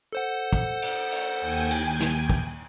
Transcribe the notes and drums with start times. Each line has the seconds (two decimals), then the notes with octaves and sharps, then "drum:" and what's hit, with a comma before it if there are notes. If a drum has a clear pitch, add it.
0.13 A4 C5 F#5
0.53 drum: kick
0.82 drum: cymbal
1.12 drum: cymbal
1.41 D#2 G5 G#5
1.71 drum: cymbal
2.00 drum: snare
2.30 drum: kick